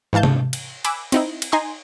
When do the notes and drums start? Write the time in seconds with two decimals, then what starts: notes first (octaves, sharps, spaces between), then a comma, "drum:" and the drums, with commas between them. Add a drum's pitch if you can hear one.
0.13 G#2 E3 F5 A5 G6
0.23 drum: tom C3
0.53 drum: cymbal
0.85 G#5 B5 D6 E6 F#6, drum: cymbal
1.12 C4 D#4 E4, drum: cymbal
1.42 drum: cymbal
1.52 D#4 G#5 A#5 C6 D#6